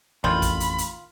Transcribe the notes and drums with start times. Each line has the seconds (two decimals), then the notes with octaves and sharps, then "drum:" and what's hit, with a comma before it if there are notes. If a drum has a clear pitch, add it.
0.24 A1 F2 D#3 F4 B5
0.42 drum: kick, hi-hat
0.60 drum: hi-hat
0.78 drum: hi-hat